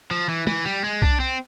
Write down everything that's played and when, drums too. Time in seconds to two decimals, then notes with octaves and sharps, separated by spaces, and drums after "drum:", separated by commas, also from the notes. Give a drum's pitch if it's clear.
0.11 F3
0.29 E3
0.47 E3, drum: tom
0.65 G3
0.84 G#3
1.02 D4, drum: kick B1
1.20 C4